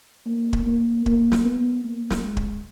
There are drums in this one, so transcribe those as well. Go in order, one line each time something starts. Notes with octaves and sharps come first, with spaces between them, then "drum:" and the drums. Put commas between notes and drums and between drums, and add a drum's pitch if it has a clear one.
A#3
drum: kick
A#3
A#3, drum: kick
drum: snare
B3
A#3
drum: snare
G#3
drum: kick